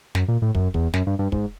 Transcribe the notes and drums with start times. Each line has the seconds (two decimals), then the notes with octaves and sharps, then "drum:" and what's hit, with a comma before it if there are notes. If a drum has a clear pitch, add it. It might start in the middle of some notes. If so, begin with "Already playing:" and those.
0.15 F#2, drum: snare
0.28 A#2
0.42 A2
0.55 F#2, drum: kick
0.74 E2, drum: kick
0.93 F#2, drum: snare
1.07 G2
1.19 G2
1.32 G#2, drum: kick